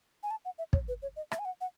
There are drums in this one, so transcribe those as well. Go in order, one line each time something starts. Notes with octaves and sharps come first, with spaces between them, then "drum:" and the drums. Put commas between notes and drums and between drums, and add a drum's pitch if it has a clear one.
G#5
A5
F#5
E5
C#5, drum: kick
B4
C#5
D#5
E5, drum: rim click
G#5
F#5
F#5